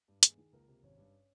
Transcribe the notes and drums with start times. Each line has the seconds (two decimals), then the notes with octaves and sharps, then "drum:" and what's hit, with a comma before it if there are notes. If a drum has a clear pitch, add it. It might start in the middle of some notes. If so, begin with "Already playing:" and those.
0.08 G2
0.23 D#2 G#4, drum: hi-hat
0.38 D#3 G#4
0.53 C#2 A#3 A#4
0.68 C3
0.83 G#1 C#4 C#5
0.98 G2